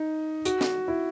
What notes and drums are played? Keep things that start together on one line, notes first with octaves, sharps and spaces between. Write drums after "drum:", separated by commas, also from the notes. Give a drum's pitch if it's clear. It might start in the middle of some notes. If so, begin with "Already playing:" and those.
Already playing: D#4
F#4, drum: hi-hat
drum: snare
E4